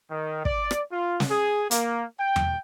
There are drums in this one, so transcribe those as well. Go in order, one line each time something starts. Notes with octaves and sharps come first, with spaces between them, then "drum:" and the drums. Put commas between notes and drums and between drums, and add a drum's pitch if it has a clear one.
D#3
D5, drum: kick
drum: rim click
F4
drum: snare
G#4
A#3, drum: hi-hat
G5
drum: tom E2